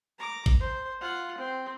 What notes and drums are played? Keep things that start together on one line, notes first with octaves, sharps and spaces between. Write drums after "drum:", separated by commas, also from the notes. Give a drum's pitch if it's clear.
A#5 D6
drum: kick A1
C5
F4 F#5
C4